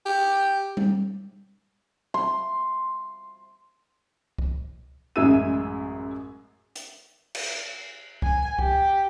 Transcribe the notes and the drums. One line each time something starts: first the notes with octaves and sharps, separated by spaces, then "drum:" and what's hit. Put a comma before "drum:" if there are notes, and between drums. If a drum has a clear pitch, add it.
G4
drum: tom G3
C6
drum: kick C2
A1 F#2 G#3 E5 E6 D#7
drum: hi-hat
drum: cymbal
G#5, drum: kick C2
G4, drum: kick C2